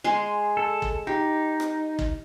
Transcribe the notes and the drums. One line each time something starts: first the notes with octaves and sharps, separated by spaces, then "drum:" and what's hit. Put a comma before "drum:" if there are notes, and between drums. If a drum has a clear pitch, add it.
G#3 G#4 C6
A4
drum: kick
D#4 G4
drum: rim click
drum: kick